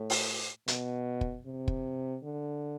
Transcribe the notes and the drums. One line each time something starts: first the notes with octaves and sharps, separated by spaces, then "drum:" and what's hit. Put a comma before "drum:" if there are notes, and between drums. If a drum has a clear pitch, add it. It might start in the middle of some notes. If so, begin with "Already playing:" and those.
Already playing: A2
drum: open hi-hat
B2, drum: hi-hat
drum: kick
C3
drum: kick
D3